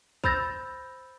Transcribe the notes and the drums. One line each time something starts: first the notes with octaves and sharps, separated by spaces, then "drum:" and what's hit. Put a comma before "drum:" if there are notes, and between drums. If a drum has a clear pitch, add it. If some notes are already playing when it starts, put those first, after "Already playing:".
C5 B5 E6 G6 A6 A#6, drum: kick